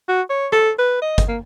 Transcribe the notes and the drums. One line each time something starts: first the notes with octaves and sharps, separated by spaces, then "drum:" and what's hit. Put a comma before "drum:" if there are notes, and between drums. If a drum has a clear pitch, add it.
F#4
C#5
A4, drum: rim click
B4
D#5
drum: kick G1, hi-hat
A#3